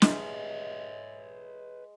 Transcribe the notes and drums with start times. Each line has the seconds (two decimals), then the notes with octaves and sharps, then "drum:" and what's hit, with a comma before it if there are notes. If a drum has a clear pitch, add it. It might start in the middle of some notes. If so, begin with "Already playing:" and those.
0.02 G#3 B4 C#5 E5, drum: snare